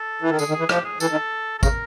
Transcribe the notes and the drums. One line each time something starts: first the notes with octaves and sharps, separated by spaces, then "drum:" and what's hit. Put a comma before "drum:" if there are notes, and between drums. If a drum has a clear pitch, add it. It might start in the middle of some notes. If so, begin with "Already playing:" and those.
Already playing: A4
E3
D#3
D3 G#4, drum: tambourine
D#3
G#4
E3
F3 G4, drum: rim click
G#4
E3 A4, drum: tambourine
D#3
A4
C#3 A#4, drum: kick, tambourine